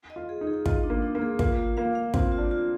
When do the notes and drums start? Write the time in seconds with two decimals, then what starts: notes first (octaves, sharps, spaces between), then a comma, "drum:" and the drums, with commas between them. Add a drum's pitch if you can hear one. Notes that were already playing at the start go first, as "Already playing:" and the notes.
0.10 D#5
0.16 F4
0.29 G#4
0.41 D#4
0.47 G#4
0.66 F4 D#5, drum: kick
0.84 D4
0.90 A#3
1.02 D4
1.15 A#3
1.22 G#4
1.39 A#3 F4, drum: kick
1.58 F4
1.77 A#3 F5
1.95 F5
2.14 C4 F4, drum: kick
2.32 F4
2.38 D4
2.51 F4